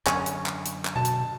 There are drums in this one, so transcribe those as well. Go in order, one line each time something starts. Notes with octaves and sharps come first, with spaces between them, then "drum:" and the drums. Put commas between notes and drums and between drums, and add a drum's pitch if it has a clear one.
F#2 D3 C#4, drum: clap
drum: hi-hat
drum: clap
drum: hi-hat
drum: clap
B2 A5
drum: hi-hat